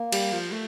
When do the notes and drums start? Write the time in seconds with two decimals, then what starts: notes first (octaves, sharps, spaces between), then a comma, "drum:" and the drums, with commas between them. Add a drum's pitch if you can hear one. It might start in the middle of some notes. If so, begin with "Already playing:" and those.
Already playing: A#3
0.12 G3, drum: cymbal
0.33 F3
0.52 A3